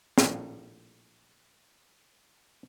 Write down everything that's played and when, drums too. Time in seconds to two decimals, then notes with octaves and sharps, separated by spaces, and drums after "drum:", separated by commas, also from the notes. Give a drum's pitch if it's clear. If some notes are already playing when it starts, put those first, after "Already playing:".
0.18 A#1 A2 F5, drum: snare